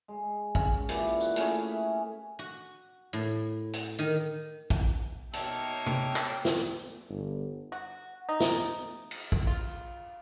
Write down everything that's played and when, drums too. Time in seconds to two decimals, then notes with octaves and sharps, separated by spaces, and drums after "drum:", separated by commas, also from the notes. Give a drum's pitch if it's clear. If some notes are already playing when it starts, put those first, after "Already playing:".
0.08 G#3
0.55 C#4, drum: kick
0.89 A#2 E3 G4, drum: hi-hat
1.21 F#4, drum: tambourine
1.36 A3 C#4 G#4, drum: hi-hat
1.69 E5
2.39 F#4
3.13 A2
3.73 drum: hi-hat
3.99 D#3
4.70 drum: kick
5.33 B2 A#3 D#4 C#5 E5 G5 A5, drum: hi-hat
5.86 drum: tom
6.16 drum: clap
6.45 drum: snare
7.09 G1
7.72 F#4
8.29 D#4
8.40 drum: snare
9.11 drum: cymbal
9.32 drum: kick
9.47 F4